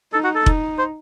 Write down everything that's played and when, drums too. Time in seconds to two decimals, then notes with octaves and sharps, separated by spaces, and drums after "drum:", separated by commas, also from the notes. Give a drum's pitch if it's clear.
0.13 D#4 A4
0.24 F#4
0.35 A4
0.46 D#4, drum: kick F1
0.79 C5